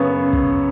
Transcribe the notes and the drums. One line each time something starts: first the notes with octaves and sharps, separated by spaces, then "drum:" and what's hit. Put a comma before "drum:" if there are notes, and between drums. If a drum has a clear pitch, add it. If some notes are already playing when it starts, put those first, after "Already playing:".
Already playing: F#2 C#3 B3 C#5
drum: kick